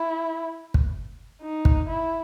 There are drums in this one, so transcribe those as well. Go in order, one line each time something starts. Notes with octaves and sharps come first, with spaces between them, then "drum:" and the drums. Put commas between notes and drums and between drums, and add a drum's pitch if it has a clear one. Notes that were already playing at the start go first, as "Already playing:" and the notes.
Already playing: E4
drum: kick
D#4
drum: kick
E4